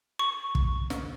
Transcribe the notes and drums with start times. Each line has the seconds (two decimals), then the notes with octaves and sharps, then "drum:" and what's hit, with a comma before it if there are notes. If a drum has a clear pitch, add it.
0.19 C#6
0.55 drum: kick
0.90 drum: snare